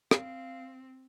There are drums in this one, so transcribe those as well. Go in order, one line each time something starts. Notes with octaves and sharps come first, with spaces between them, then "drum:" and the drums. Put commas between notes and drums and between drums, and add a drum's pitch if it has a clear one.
C4 F5, drum: rim click